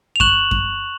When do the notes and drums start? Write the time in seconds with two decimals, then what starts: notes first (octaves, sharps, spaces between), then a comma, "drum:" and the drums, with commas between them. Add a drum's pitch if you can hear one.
0.16 F7
0.20 C#6 F#6 E7 F#7, drum: kick F#2
0.51 drum: kick F#2